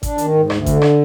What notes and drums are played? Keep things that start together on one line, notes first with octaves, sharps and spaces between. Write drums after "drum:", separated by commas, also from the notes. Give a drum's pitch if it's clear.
D4, drum: kick G#1, hi-hat
D#3, drum: hi-hat
G#2
D2, drum: rim click
D3, drum: kick G#1, hi-hat
drum: rim click